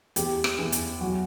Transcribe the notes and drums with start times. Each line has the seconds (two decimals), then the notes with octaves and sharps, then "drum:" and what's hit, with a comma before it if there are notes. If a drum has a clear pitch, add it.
0.16 E2 G4, drum: hi-hat
0.44 drum: rim click
0.59 E2
0.72 drum: hi-hat
1.01 F#3 F#4